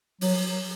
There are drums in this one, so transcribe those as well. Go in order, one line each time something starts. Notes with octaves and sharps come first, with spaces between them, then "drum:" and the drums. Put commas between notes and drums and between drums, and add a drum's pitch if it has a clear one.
F#3, drum: open hi-hat